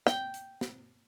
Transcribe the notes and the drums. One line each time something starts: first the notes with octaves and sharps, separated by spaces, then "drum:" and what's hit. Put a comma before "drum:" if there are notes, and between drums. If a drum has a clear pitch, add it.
G5, drum: snare
drum: hi-hat
drum: snare